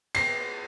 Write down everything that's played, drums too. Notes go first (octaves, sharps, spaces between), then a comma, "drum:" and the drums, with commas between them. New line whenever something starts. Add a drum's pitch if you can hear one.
C7, drum: cymbal